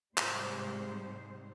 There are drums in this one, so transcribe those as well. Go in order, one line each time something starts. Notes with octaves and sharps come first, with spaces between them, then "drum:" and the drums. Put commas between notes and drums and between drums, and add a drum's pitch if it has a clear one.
G#2 C3 G3 C5, drum: clap